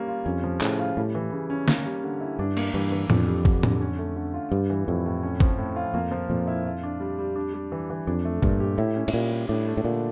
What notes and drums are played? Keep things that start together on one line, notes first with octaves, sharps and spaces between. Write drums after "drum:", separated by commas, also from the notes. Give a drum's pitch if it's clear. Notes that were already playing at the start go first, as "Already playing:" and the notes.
Already playing: G3 A#3 C#4
F4
F2 C#4
F3
A2 C#3, drum: clap
F4
A2 G3
E3
C#3
C#4
A#3, drum: snare
G3
D3
E4
G2 D4
A#3, drum: cymbal
G2 E3
E3
F2 D4, drum: tom A2
G3
D3, drum: kick G1
D3, drum: tom A2
C#4
A3
D3
F4
G2 G3
E3
F2 A2
A2
C#4
F3, drum: kick G1
A2
F4
F2 A#3
F3
F2 A#2
E4
F4
D4
G3
G3
D4
G3
E3
E3
F2 D4
A3
G2 A#2, drum: kick G1
G4
A2 E4
C#4
A2, drum: cymbal
A#2 G3
G3
A2 D4
A3
A2
A#2 D3